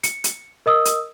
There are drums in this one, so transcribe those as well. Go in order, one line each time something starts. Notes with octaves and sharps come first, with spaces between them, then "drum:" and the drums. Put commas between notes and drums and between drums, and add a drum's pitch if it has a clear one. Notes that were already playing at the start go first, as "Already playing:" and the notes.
C#7, drum: hi-hat
drum: hi-hat
A#4 D#5 D#6 E6
drum: hi-hat